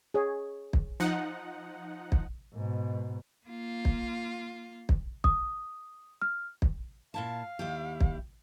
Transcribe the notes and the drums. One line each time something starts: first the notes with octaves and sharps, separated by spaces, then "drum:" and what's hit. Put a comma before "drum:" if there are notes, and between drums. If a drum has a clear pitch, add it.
G#4 C#5
drum: kick
F3 D#4 F#5
drum: kick
G#2 B2
A#3 F4
drum: kick
drum: kick
D#6, drum: kick
F6
drum: kick
A#2 E4 F5 A5
D#2 E4 G4
drum: kick